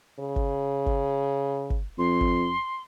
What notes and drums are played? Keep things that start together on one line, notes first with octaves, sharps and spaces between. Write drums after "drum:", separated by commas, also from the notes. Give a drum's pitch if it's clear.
C#3
drum: kick G1
drum: kick G1
drum: kick G1
F2 C6
drum: kick G1